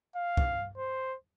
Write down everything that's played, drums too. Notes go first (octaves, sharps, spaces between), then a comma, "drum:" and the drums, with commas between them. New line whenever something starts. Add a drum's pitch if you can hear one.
F5
drum: kick C2
C5